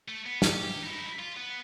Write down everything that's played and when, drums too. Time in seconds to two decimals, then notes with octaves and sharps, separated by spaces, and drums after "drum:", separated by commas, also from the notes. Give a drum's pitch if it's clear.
0.08 A3
0.26 B3
0.42 G4, drum: snare
0.82 D#4 E4
1.19 F4
1.36 B3